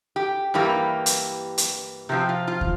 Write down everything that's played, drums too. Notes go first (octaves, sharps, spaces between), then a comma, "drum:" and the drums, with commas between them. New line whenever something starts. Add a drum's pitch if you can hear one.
G4
G2 E3 G3 A#3 G4
drum: hi-hat
drum: hi-hat
C3 F3 C4 G4
F4
F4
drum: kick